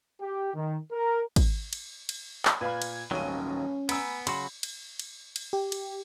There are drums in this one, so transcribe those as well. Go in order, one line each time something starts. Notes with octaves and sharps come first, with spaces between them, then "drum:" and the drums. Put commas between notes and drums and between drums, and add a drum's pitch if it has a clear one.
G4
D#3
A#4
drum: kick, cymbal
drum: cymbal
drum: cymbal
drum: clap
A#2 B4 F5 B5 G#6
drum: cymbal
D#1 G#1 D#3 F#3 C#4 D#7
B3 G#5 A#5 B5 E6 D7, drum: cymbal
C#3 F#3 F#4 B5 C6, drum: cymbal
drum: cymbal
drum: cymbal
drum: cymbal
G4
drum: cymbal